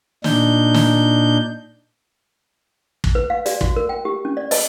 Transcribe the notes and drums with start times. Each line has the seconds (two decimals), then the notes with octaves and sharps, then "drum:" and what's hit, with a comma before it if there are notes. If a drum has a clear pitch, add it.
0.24 A#2 D4 D#4 G6, drum: snare
0.74 drum: snare
3.04 drum: kick
3.15 B4
3.30 F5
3.46 D5, drum: hi-hat
3.61 F#4, drum: kick
3.76 A#4
3.89 G5
4.05 G4
4.25 C#4
4.37 D5
4.51 D#5, drum: open hi-hat